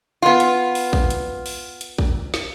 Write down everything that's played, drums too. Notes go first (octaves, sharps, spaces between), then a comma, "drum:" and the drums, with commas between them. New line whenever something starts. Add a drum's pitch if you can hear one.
B3 F4
drum: hi-hat
drum: open hi-hat
drum: kick
drum: hi-hat
drum: open hi-hat
drum: hi-hat
drum: kick
drum: snare